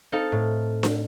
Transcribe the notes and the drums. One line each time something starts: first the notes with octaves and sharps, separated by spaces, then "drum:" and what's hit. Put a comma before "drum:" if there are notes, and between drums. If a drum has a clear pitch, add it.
C4 D#4 A4 F5 A5
A2
drum: snare D4